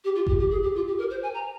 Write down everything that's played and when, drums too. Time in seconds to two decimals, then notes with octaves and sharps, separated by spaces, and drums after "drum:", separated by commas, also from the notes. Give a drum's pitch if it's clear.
0.04 G4
0.15 F4
0.27 G4, drum: kick G1
0.38 G4
0.50 G#4
0.62 G4
0.75 F4
0.87 G4
0.98 A#4
1.10 C5
1.22 G#5
1.34 A#5